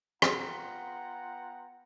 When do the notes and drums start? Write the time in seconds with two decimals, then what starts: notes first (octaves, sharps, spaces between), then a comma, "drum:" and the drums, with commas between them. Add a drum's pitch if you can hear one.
0.22 B3 F4 F#5 G5 A#5, drum: rim click